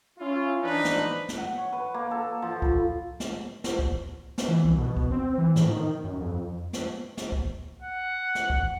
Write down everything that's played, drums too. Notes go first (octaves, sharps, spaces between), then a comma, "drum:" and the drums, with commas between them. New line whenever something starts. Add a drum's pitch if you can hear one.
C#4 E4 F4
E3 F3 D4 D#4 B4
drum: snare
drum: snare
F#5
C#5
B4
A#3
A4
F3
B5, drum: kick
drum: snare
drum: snare
drum: kick
drum: snare
E3
C2
B2
drum: kick
C4
E3
A2, drum: snare
D#3
F#2
F2
drum: snare
drum: snare
drum: kick
F#5
drum: snare
drum: kick